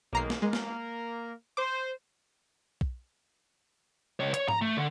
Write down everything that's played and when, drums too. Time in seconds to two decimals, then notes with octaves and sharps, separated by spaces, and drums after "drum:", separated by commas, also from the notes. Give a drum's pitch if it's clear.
0.13 B1 D#3 G#3 A#3 A#5 C7
0.30 drum: snare
0.42 G#3 A#3 A#4
0.53 drum: snare
1.57 C5 D6
2.81 drum: kick
4.20 C#2 C#5
4.34 C#5, drum: hi-hat
4.48 A#5, drum: tom G#2
4.62 A3
4.77 D3